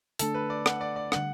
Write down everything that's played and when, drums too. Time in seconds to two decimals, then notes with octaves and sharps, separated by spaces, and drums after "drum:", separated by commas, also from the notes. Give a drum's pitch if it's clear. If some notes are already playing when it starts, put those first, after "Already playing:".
0.19 D3 A3 D4 A4, drum: hi-hat
0.35 B4
0.50 D5
0.66 F#5, drum: rim click
0.81 D5
0.96 D5
1.12 D3 G3 D4 F#5, drum: rim click